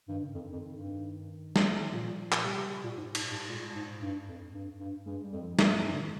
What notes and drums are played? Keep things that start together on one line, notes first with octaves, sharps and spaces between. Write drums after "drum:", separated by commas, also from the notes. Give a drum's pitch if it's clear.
G2 D#3
C#3
F2 D#3
F2
G2
drum: snare
A#2 F3
drum: clap
C3 G3
C3
C3
A#2
G#2
G#2, drum: cymbal
G#2
A#2 G#3
G#2
G2
F2
G2
G2
G2 G#3
G3
F2
F3
G2 F3, drum: snare
F2
G2 D#3
C#3
D#3